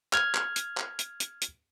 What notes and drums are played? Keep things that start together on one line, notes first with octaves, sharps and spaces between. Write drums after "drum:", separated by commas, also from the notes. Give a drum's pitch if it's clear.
F6 G#6, drum: clap
drum: clap
drum: hi-hat
drum: clap
drum: hi-hat
drum: hi-hat
drum: hi-hat